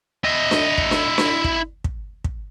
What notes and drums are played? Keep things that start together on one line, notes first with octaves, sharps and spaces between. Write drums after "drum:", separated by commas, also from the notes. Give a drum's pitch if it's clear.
E4 D#5
drum: snare D4
drum: kick
drum: snare D4
drum: snare D4
drum: kick
drum: kick
drum: kick